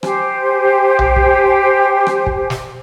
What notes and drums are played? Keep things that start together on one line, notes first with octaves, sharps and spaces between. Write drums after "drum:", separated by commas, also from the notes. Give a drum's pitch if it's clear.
G4 C5 G#5, drum: rim click
drum: tom B1
drum: kick
drum: rim click
drum: kick
drum: snare